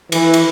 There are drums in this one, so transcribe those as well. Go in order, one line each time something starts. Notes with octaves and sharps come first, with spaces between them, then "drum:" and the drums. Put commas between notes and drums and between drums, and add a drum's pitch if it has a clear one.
E3, drum: cymbal
drum: cymbal